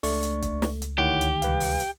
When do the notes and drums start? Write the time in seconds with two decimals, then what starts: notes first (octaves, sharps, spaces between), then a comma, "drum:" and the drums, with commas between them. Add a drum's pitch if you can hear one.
0.03 C#2 A3 D4 D5 C#6, drum: open hi-hat
0.23 drum: hi-hat
0.42 drum: kick, hi-hat
0.62 drum: snare
0.82 drum: hi-hat
0.98 D2 D#3 E4 G4 C#5 F#5
1.21 drum: hi-hat
1.42 C2 B4 F5, drum: hi-hat
1.60 drum: open hi-hat
1.80 drum: hi-hat